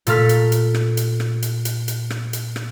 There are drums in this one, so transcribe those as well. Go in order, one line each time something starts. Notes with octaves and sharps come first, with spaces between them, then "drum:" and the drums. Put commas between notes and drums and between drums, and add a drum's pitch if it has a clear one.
A#2 A3 A4 F6 B6, drum: hi-hat
drum: hi-hat
drum: hi-hat
drum: rim click
drum: hi-hat
drum: rim click
drum: hi-hat
drum: hi-hat
drum: hi-hat
drum: rim click
drum: hi-hat
drum: rim click